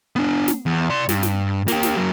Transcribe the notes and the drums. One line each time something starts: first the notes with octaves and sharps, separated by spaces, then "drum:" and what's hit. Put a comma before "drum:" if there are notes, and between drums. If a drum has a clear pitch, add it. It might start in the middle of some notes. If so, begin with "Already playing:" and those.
B3 D4
drum: snare
E2
D5 C6
G2, drum: snare
drum: snare
A#3 G4, drum: snare
drum: snare
F#3 A#3